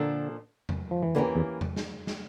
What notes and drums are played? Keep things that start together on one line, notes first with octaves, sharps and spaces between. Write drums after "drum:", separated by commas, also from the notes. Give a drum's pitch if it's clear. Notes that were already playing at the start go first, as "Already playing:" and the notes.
Already playing: A#2 D3 F3 A#3 D4 A4
drum: tom E2
F3
E3
D3 E3 A#3 C#4 G4 A#4
E2
drum: tom E2
drum: snare
drum: snare